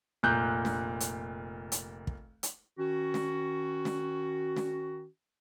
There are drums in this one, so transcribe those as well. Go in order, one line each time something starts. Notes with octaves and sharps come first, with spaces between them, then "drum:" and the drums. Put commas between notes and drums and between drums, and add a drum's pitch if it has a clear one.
F1 A#2 F#6 G6
drum: snare
drum: hi-hat
drum: hi-hat
drum: kick
drum: hi-hat
D#3 C#4 F#4
drum: snare
drum: snare
drum: snare